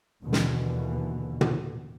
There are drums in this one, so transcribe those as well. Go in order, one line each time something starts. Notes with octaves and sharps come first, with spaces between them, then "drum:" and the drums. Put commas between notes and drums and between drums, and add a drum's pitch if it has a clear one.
D#2 B2 D3 E3
drum: snare
drum: tom